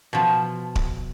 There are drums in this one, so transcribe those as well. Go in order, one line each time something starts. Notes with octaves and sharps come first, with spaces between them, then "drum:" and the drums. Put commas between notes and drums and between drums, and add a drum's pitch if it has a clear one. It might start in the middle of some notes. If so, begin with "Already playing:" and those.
B2 F3
drum: kick D1